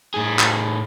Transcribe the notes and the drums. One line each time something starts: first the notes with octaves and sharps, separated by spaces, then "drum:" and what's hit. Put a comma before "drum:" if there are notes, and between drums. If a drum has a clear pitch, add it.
A2 G#4
drum: clap